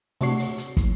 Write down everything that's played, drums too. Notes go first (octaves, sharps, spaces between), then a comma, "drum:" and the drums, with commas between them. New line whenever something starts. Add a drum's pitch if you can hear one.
C3 A3 D4 F#4 C#5 C7, drum: open hi-hat
drum: open hi-hat
drum: hi-hat
drum: kick, hi-hat